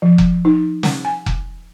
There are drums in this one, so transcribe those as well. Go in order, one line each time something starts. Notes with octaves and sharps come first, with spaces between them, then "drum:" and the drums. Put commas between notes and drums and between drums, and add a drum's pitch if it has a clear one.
F3
drum: kick F1
D#4
drum: snare
G#5
drum: kick F1